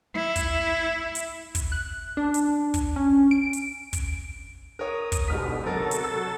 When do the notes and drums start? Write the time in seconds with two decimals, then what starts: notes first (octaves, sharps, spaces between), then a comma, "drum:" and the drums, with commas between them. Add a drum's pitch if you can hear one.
0.16 E4
0.36 drum: kick, hi-hat
1.15 drum: hi-hat
1.55 drum: kick, hi-hat
1.72 F#6
2.17 D4
2.34 drum: hi-hat
2.74 drum: kick, hi-hat
2.96 C#4
3.31 D7
3.53 drum: hi-hat
3.93 drum: kick, hi-hat
4.79 A#4 C#5 D#6
5.12 drum: kick, hi-hat
5.28 G#2 B2 D3 G3 F6 B6
5.63 C3 F#3 A4 A#4 A6
5.91 drum: hi-hat
6.04 E6